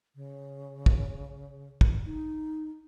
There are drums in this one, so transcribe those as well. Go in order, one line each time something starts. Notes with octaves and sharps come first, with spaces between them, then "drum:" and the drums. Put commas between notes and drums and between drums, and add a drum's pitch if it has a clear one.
C#3
drum: kick
drum: kick
D#4